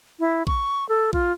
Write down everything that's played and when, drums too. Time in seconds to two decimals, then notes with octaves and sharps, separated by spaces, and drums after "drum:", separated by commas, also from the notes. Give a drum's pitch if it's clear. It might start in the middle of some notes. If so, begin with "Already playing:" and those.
0.20 E4
0.47 C#6, drum: kick A#1
0.89 A4
1.13 F4, drum: kick A#1